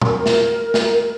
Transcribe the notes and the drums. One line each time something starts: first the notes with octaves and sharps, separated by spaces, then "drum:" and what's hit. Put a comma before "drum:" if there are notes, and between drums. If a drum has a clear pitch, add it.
A#4, drum: tom A#2
drum: snare
drum: snare